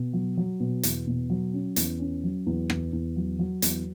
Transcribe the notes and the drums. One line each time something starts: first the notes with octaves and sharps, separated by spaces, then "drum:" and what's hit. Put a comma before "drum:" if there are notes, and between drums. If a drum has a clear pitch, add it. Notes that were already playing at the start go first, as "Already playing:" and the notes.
Already playing: B2
F#3
F#3
B2
E2, drum: hi-hat
B2
F#3
C#4
E2, drum: hi-hat
C#4
F#3
E2
E2, drum: rim click
E2
F#3
F#3
E2, drum: hi-hat